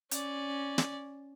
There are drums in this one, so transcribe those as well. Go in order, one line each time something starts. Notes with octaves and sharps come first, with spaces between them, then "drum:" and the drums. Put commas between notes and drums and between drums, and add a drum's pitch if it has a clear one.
C#4 D5, drum: hi-hat
drum: snare